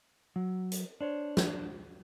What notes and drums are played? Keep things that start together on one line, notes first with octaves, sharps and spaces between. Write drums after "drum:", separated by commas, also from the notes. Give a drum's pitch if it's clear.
F#3
drum: hi-hat
D4 C5 C#5
drum: snare